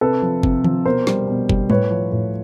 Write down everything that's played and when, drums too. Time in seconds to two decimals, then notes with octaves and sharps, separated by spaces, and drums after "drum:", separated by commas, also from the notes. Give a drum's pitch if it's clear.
0.01 C3 A4 B4
0.22 F3
0.43 C3, drum: kick
0.64 F3, drum: tom D#3
0.85 B2 A#4 C5
1.07 G3, drum: snare
1.28 B2
1.49 G3, drum: kick
1.70 A2 B4 C#5, drum: tom G3
1.91 F3
2.12 A2